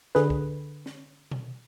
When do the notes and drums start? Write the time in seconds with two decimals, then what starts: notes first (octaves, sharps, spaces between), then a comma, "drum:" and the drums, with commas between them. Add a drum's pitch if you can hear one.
0.15 D3 G#4 B4, drum: snare C#4
0.30 drum: kick C2
0.86 drum: snare C#4
1.31 drum: tom B2